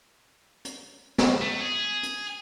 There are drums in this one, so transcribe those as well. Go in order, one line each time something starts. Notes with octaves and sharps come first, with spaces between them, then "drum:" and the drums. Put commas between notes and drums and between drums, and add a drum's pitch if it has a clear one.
drum: hi-hat
drum: snare
A3
G#4
drum: hi-hat